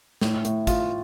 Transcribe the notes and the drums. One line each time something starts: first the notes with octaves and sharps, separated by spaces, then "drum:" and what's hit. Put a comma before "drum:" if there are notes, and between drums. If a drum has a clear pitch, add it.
A2, drum: snare
A2, drum: hi-hat
F4, drum: kick, hi-hat